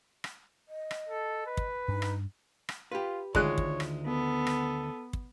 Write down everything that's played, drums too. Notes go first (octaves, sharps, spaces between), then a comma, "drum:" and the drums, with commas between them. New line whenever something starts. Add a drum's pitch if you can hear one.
drum: rim click
D#5
drum: rim click
A4
B4
drum: kick
G2 D4 D#4
drum: rim click
drum: rim click
F4 G4 B4
D2 D#3 G#3 F4 C#5 F#6, drum: kick
drum: kick
drum: rim click
B3 A4
drum: rim click
drum: kick